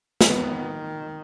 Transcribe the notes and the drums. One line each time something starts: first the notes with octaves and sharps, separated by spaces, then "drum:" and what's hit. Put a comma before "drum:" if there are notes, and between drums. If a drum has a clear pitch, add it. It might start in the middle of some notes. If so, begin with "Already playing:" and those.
G#3, drum: snare
D#3 B3